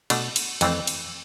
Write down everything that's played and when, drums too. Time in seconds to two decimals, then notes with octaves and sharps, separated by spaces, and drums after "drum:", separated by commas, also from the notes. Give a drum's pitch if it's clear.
0.10 B2 A3 D4, drum: cymbal
0.36 drum: cymbal
0.61 F2 E3 A3 C4, drum: cymbal
0.87 drum: cymbal